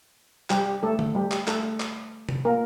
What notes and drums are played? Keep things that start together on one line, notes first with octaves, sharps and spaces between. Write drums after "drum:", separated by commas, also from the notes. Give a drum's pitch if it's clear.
G3 G4, drum: clap
A3 A4
drum: tom
G3 G4
drum: clap
A3 A4, drum: clap
drum: clap
drum: tom C3
A#3 A#4